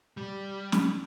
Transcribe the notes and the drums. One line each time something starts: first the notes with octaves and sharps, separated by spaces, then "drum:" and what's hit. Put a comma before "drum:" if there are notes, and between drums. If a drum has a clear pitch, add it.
G3
drum: snare